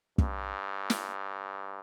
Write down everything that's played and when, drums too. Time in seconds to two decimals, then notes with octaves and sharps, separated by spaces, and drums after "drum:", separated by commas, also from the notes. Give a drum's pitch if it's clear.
0.18 G2, drum: kick
0.90 drum: snare